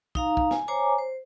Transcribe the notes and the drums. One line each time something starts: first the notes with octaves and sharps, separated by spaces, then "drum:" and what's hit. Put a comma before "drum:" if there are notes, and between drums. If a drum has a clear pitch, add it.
D#4 F5 A#5, drum: kick
drum: kick
G#5, drum: snare
C5 C#5 G#5 A#5 D6
C5